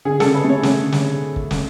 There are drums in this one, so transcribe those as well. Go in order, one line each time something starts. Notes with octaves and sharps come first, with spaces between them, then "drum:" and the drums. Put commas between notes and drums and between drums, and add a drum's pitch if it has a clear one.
D3 G#4
D3 A4, drum: snare
B4
A3 C#5
A3 C#5, drum: snare
D3
drum: snare
drum: kick
drum: snare